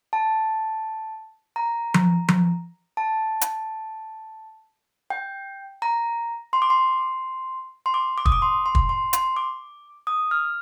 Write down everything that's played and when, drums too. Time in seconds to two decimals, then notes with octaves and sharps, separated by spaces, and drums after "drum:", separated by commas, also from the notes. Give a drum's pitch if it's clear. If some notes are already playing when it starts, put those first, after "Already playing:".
0.13 A5
1.56 A#5
1.94 drum: tom F3
2.28 drum: tom F3
2.97 A5
3.41 drum: hi-hat
5.10 G5
5.82 A#5
6.53 C6
6.62 D6
6.70 C6
7.86 C6
7.94 D6
8.18 D6
8.26 D#6, drum: kick
8.32 D6
8.42 C6
8.66 C6
8.75 drum: kick
8.89 C6
9.13 C6, drum: hi-hat
9.36 D6
10.07 D#6
10.31 F6